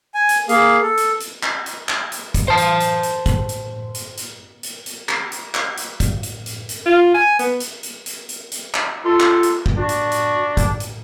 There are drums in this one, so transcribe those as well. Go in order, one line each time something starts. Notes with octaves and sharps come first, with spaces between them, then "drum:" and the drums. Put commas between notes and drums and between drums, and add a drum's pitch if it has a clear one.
G#5
drum: hi-hat
A#3 G#4 F5, drum: hi-hat
A4
drum: hi-hat
drum: hi-hat
drum: clap
drum: hi-hat
drum: clap
drum: hi-hat
drum: kick, hi-hat
C5 A5
drum: hi-hat
drum: hi-hat
drum: hi-hat
drum: kick, hi-hat
drum: hi-hat
drum: hi-hat
drum: hi-hat
drum: hi-hat
drum: hi-hat
drum: clap
drum: hi-hat
drum: clap
drum: hi-hat
drum: kick, hi-hat
drum: hi-hat
drum: hi-hat
drum: hi-hat
F4
G#5
B3, drum: hi-hat
drum: hi-hat
drum: hi-hat
drum: hi-hat
drum: hi-hat
drum: hi-hat
drum: clap
F4 A4
drum: clap
drum: hi-hat
drum: kick
D4 F#4
drum: hi-hat
drum: hi-hat
drum: kick, hi-hat
drum: hi-hat